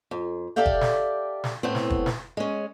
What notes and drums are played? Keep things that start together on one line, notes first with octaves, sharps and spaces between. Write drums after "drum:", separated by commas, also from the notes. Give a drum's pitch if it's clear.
F2
G4 A4 D5 E5 F5 G5
drum: kick
drum: snare
drum: snare
A2 B3 C4
drum: snare
drum: kick
drum: snare
G#3 C#4